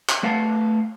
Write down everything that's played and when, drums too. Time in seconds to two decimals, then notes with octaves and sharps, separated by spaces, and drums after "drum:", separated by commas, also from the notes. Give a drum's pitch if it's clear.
0.09 drum: clap
0.23 A3 B4 F5 F#5 A5